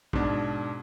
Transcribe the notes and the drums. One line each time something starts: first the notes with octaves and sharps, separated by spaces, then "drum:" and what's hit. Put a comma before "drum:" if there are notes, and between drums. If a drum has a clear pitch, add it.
G#2 B2 D4, drum: kick